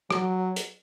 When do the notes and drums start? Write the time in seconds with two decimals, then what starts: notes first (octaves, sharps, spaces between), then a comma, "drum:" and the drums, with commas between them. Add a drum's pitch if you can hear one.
0.10 F#3, drum: rim click
0.56 drum: hi-hat